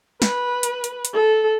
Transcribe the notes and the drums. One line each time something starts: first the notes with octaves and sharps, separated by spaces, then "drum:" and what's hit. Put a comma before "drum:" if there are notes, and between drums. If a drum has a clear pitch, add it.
B4, drum: snare
drum: hi-hat
drum: hi-hat
drum: hi-hat
A4